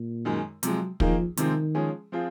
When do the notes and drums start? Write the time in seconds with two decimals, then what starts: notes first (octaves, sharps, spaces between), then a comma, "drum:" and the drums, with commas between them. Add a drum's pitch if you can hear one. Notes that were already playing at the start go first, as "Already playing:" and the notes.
Already playing: A#2
0.25 F#2 D#3 G#3
0.63 C3 F3 F#3 G#3, drum: hi-hat
1.00 D#3 F3 A#3 D#4 G#4, drum: kick
1.37 C3 D#3 F3 G#3 C4, drum: hi-hat
1.75 F3 G#3 C#4 G#4
2.12 F3 C4 F4 G#4